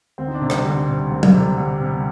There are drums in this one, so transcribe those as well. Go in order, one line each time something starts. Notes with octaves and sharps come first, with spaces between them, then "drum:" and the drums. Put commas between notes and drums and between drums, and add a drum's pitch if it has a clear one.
D2 C4
D#4
D4
C3 G3
C4, drum: rim click
D2 C4
C3 G3 C4
D2 C4
drum: tom F#3
C3 G3
D2
C3 G3